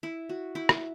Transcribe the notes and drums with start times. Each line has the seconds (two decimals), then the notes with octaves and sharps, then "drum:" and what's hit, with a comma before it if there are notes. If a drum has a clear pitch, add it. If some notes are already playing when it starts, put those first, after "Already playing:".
0.03 E4
0.29 F#4
0.55 E4
0.69 drum: rim click